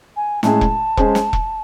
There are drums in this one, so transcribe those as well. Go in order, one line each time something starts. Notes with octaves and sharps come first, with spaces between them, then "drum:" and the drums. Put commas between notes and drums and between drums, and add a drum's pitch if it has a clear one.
G#5
A2 G#3 C#4 E4 G#4 A5, drum: snare
drum: kick E1
G#3 C#4 G#4 C5, drum: kick E1
drum: snare
drum: kick E1